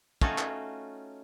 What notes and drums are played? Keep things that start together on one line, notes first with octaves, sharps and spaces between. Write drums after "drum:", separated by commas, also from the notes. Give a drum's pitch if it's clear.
A3 C#4 D#4 F4 F#4 A4, drum: kick
drum: clap